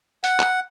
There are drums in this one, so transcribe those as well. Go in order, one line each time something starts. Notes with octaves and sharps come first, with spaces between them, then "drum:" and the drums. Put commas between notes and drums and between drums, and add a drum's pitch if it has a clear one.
F#5, drum: hi-hat
drum: clap